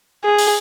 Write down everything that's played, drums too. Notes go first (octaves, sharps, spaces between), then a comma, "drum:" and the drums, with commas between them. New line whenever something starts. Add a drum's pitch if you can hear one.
G#4
drum: open hi-hat